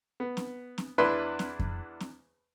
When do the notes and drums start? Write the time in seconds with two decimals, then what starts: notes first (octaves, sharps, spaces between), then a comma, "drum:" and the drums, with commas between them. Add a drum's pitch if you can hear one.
0.20 B3
0.37 drum: snare C4
0.78 drum: snare C4
0.98 E2 D4 E4 B4 B5 C6
1.39 drum: snare C4
1.60 drum: kick F2
2.00 drum: snare C4